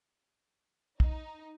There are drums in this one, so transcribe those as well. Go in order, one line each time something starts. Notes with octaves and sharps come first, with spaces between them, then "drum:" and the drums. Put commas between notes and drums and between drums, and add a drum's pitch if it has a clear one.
D#4, drum: kick